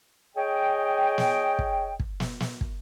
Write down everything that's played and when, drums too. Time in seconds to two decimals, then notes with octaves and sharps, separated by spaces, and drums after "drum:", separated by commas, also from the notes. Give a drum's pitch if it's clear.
0.36 G#4 C#5 D#5 G5
1.18 drum: snare
1.59 drum: kick
2.00 drum: kick
2.20 drum: snare
2.40 drum: snare
2.61 drum: kick